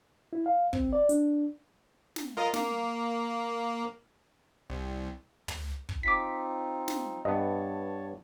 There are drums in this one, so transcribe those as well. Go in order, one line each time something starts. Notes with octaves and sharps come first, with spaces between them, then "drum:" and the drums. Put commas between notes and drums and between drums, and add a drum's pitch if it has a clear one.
E4
F5
C4, drum: kick
D5
D4, drum: hi-hat
drum: snare
F4 A#4 D#5
A#3, drum: snare
C2
drum: tom
drum: kick
C4 D#4 F4 D6 B6
drum: snare
G2 B3 C#5 D#5 A5